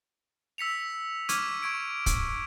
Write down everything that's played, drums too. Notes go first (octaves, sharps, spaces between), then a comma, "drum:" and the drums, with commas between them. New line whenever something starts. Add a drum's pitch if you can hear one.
E6 B6 C#7 F7
C#6 D6 F6 G#6 D#7, drum: hi-hat
C#6 G#6 D7
drum: kick, hi-hat